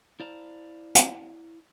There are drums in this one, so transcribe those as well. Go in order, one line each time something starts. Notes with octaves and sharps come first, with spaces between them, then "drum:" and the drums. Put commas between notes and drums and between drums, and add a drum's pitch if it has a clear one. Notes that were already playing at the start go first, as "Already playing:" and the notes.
E4 C5 D5 F5 A5 A#5
drum: hi-hat